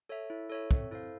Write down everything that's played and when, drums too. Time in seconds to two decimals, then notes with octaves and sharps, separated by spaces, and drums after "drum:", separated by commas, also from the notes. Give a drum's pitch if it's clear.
0.09 A4 C#5 E5
0.30 E4
0.50 A4 C#5 E5
0.71 C4, drum: kick
0.91 E4 A4 C5 F5